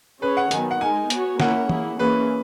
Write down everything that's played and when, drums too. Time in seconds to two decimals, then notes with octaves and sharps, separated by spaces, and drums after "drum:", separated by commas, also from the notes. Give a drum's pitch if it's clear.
0.22 C#4 G#4 B4 C#5
0.37 F#5
0.51 D#3 F#3 B3 G#5, drum: hi-hat
0.71 F#5
0.81 G#3 D#4 A#4 G#5
1.10 B3 F#4 C#5, drum: hi-hat
1.40 A#3 C#4 E4 A#4 F#5, drum: snare
1.69 A#3 E4 G#4, drum: tom E3
1.99 E3 A#3 C#4 G#4 B4